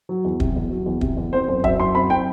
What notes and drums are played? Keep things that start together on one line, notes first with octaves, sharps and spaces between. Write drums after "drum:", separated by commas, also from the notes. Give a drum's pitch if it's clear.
F#3
E2
C3, drum: kick
E2
F#3
E2
C3, drum: kick
E2
C4 C5
F#2 C5
F#3 E5, drum: kick
F#2 C6
C4 B5
G5